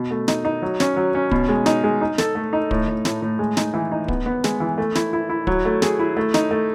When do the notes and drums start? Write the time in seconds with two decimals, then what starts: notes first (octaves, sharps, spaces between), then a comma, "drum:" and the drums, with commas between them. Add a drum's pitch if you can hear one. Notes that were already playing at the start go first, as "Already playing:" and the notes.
Already playing: B2
0.11 A3
0.28 D#4, drum: snare
0.45 D#4
0.62 F#3
0.80 C#4, drum: snare
0.96 F#3
1.15 C#4
1.31 B2, drum: kick
1.49 G#3
1.66 D#4, drum: snare
1.84 G#3
2.01 D#4
2.18 A4, drum: snare
2.35 A3
2.53 D#4
2.71 A2, drum: kick
2.87 A2
3.05 A2, drum: snare
3.22 A2
3.39 G#3
3.57 D#4, drum: snare
3.74 E3
3.92 D#4
4.08 B3, drum: kick
4.26 B3
4.44 G#3, drum: snare
4.60 E3
4.78 A3
4.95 E4, drum: snare
5.13 E4
5.30 E4
5.47 F#3, drum: kick
5.65 A3
5.82 G#4, drum: snare
5.99 E4
6.17 A3
6.34 D#4, drum: snare
6.51 A3